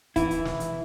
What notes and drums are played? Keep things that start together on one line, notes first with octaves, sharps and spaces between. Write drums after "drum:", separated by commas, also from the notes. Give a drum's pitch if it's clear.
E3 E4, drum: kick, hi-hat
drum: hi-hat
drum: snare
drum: hi-hat